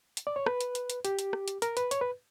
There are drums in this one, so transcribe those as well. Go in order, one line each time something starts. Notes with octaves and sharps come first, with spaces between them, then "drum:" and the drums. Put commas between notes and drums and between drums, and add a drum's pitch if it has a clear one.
drum: hi-hat
D5
C#5
B4, drum: rim click
drum: hi-hat
drum: hi-hat
drum: hi-hat
G4, drum: hi-hat
drum: hi-hat
drum: rim click
drum: hi-hat
A#4, drum: hi-hat
B4, drum: hi-hat
C#5, drum: hi-hat
B4